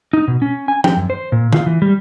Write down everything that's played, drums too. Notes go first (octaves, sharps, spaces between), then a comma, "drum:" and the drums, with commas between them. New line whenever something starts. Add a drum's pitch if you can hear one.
D#4
B2
C#4
G#5
G5, drum: tom
F#2
C5
A#2
F4, drum: tom D3
E3
G3